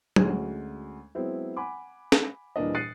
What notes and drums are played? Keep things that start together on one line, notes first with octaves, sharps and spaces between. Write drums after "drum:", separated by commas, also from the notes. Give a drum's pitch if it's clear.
D2 G#3 C#4 F#4 G#6, drum: tom
F#3 G#3 B3 C4 E4
F#5 G#5 B5 D6
drum: snare
D#1 E3 A#3 D4 D#5
D#6 F#6 A6 C7 C#7 D#7